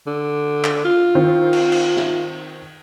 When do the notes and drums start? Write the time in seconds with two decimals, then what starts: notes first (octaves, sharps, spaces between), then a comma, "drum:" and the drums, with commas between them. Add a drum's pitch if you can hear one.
0.07 D3
0.64 drum: clap
0.84 F4
1.15 D#3 C4
1.53 drum: cymbal
1.72 drum: cymbal
1.97 drum: snare